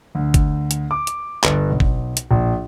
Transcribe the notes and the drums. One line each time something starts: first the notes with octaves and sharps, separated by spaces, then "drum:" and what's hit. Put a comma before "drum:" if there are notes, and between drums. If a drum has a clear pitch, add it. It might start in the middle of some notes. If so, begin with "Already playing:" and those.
D2
drum: kick, hi-hat
drum: hi-hat
D6
drum: hi-hat
G1, drum: clap
B1
drum: kick
drum: hi-hat
A#1